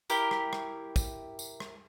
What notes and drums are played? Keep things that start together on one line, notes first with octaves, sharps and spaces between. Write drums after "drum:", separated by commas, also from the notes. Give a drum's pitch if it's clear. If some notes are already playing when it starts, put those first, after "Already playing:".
E4 G4 A#4, drum: tambourine
drum: rim click
drum: rim click
drum: kick, tambourine
drum: tambourine
drum: rim click